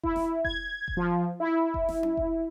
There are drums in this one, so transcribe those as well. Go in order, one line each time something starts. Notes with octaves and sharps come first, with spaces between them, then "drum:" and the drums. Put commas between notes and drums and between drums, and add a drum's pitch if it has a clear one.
E4, drum: kick F1
drum: snare F1
G#6, drum: kick F1
drum: kick F1
F3
E4
drum: kick F1
drum: snare F1
drum: tom C#4
drum: kick F1